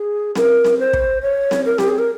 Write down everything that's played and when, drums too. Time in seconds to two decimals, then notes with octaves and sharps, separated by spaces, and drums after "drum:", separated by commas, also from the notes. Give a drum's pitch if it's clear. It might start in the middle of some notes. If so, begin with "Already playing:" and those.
Already playing: G#4
0.35 A#4, drum: snare C4
0.64 drum: snare C4
0.79 C5
0.93 drum: kick
1.22 C#5
1.51 drum: snare C4
1.65 A#4
1.78 G4, drum: snare C4
1.88 G#4
1.98 A#4